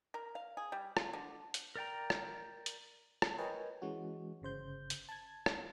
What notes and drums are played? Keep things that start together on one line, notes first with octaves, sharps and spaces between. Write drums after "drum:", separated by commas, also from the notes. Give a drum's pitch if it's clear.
A#4
F5
G#4
G3
F4, drum: rim click
D3
drum: hi-hat
A#4 D5 G5 A#5
drum: rim click
drum: hi-hat
drum: rim click
A#4 B4 C#5 D#5 G5 G#5
E3 G#3 C#4 F#4
G1 C#3 C5 G6
drum: hi-hat
A5 G#6
drum: rim click